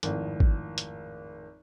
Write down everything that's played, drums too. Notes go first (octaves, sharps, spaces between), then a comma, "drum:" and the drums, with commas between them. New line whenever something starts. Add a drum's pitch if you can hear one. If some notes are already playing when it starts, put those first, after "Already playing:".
G#1 F2 A2, drum: hi-hat
drum: kick G#1
drum: hi-hat